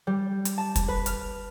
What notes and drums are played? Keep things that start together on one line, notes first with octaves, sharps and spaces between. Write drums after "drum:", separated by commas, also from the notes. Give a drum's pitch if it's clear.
G3
drum: hi-hat
A5
drum: kick, hi-hat
B4
F6, drum: hi-hat